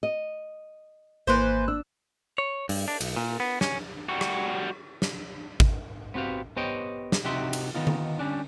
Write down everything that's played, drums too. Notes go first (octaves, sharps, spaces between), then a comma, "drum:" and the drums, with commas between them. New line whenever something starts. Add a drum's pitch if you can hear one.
D#5
G#1 E3 A#3 B4 C5 F#6
D4 E6
C#5
G2, drum: open hi-hat
D4
B1, drum: cymbal
A#2
B3
C#4, drum: snare
G3 F#4
drum: rim click
drum: snare
drum: kick
B3 C4 F#4 G4 F5
B3 G4 C5 C#5 D#5 G5
drum: snare
C3 D#4 F#4 G4 E5 C6
drum: cymbal
D#3 B3 D#4 F4
drum: tom D3
G3 C#4 D4